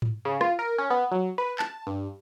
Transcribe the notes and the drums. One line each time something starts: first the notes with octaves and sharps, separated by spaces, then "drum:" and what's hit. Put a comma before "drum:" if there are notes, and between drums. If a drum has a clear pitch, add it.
drum: tom G#2
C#3
F4, drum: rim click
A#4
C#4
B3
F#3
B4
A5, drum: clap
G2